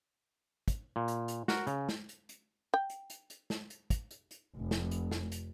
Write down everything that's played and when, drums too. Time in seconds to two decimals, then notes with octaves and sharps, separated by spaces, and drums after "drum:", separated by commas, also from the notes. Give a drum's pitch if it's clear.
0.68 drum: kick, hi-hat
0.96 A#2
1.08 drum: hi-hat
1.28 drum: hi-hat
1.48 F#4 A#4, drum: snare
1.67 C#3, drum: hi-hat
1.89 drum: snare
2.09 drum: hi-hat
2.29 drum: hi-hat
2.74 G5
2.90 drum: hi-hat
3.10 drum: hi-hat
3.30 drum: hi-hat
3.50 drum: snare
3.70 drum: hi-hat
3.90 drum: kick, hi-hat
4.11 drum: hi-hat
4.31 drum: hi-hat
4.57 F1
4.71 drum: snare
4.91 drum: hi-hat
5.11 drum: snare
5.32 drum: hi-hat